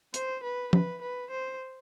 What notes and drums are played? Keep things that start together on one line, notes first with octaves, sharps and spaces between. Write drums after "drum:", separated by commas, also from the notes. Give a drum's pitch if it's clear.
C5, drum: hi-hat
B4
B4, drum: tom F3
B4
C5